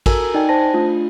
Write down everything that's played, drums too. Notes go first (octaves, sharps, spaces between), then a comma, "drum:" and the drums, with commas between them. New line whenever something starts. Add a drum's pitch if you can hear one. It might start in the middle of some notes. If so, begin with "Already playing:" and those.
F#4 A4 A#4 G#5 A#5 E6, drum: kick, cymbal
D#4 D5 G5 G#5
C5 A5 A#6
A3 D4 F4